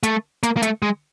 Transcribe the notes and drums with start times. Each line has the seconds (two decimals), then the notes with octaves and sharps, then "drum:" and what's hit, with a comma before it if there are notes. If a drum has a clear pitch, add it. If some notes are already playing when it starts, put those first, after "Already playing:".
0.03 A3, drum: hi-hat
0.43 A#3, drum: hi-hat
0.57 A#3
0.62 A3, drum: hi-hat
0.82 G#3